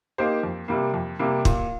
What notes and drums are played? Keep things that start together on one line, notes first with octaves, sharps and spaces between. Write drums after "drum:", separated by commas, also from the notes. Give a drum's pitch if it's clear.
A#3 D#4 G4 C5
F2
C3 G3 A#3
F2
C3 G3 A#3
A#2, drum: kick